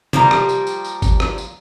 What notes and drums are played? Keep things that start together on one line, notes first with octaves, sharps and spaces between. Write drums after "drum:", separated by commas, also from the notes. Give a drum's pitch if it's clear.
F3 G3 A#3 A#5, drum: tom C3
drum: rim click
drum: tambourine
drum: tambourine
drum: tambourine
drum: kick G1, tambourine
drum: rim click
drum: tambourine